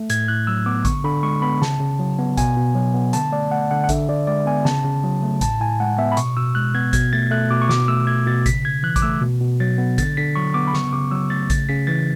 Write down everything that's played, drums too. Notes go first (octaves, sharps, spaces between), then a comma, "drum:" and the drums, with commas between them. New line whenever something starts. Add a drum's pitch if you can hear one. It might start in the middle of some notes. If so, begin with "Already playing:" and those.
Already playing: A3
A2 G#6, drum: hi-hat
A2 F#6
F#3 E6
B3 D6
D3 C#6, drum: kick A1, hi-hat
D3 B5
G#3 C#6
B3 B5
C#3 A5, drum: snare
C#3
F#3
B3
B2 G#5, drum: kick A1, hi-hat
B2
F#3
B3
D3 A5, drum: hi-hat
A3 D5
A3 F#5
D3 F#5
F#5
D3 E5, drum: kick A1, hi-hat
D3 D5
G#3 D5
B3 G#5
C#3 A5, drum: snare
C#3
F#3
A3
A2 A5, drum: kick A1, hi-hat
A2 G#5
G#3 F#5
B3 E5
B5
B2 C#6, drum: hi-hat
B2 E6
G#3 F#6
B3 G#6
B2 G#6, drum: kick A1, hi-hat
A3 A6
A3 F#6
B2 D6
C#6
B2 D6, drum: snare
A3 E6
A3 G#6
B2 A6
C#3 B6, drum: kick A1, hi-hat
C#3 G#6
E3 F#6
D6, drum: kick A1, hi-hat
A3 E6
B2
B2
F#3 A6
B3
D3 A6, drum: kick A1, hi-hat
D3 B6
F#3 C#6
B3 D6
B5
C#3 C#6, drum: snare
C#3 D6
F#3 E6
A3 A6
C#3 A6, drum: kick A1, hi-hat
C#3 B6
E3 A6